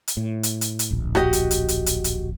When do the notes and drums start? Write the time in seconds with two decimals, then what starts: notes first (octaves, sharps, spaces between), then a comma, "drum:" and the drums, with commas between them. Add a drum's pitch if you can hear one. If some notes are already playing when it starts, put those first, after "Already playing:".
0.08 drum: hi-hat
0.17 A2
0.43 drum: hi-hat
0.61 drum: hi-hat
0.79 drum: hi-hat
0.91 D1 A#1
1.15 F#4 G4 D#5, drum: rim click
1.33 drum: hi-hat
1.51 drum: hi-hat
1.68 drum: hi-hat
1.86 drum: hi-hat
2.04 drum: hi-hat